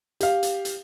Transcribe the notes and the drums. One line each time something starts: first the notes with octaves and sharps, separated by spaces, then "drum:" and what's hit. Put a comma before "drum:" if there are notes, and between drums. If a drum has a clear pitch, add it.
G4 F5, drum: hi-hat
drum: hi-hat
drum: hi-hat